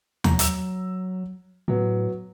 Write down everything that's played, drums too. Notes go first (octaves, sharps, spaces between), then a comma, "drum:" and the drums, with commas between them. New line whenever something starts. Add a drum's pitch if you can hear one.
F#3 A#5, drum: tom D#2
A#5 E6, drum: hi-hat
A2 F#3 B3